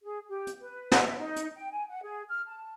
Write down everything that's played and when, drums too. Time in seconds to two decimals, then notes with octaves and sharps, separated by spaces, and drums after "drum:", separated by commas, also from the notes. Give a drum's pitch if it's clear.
0.03 G#4
0.29 G4
0.47 drum: hi-hat
0.60 B4
0.92 drum: snare
1.05 E5
1.18 D#4
1.36 drum: hi-hat
1.56 G5
1.71 G#5
1.88 F#5
2.03 G#4
2.29 F6
2.48 A5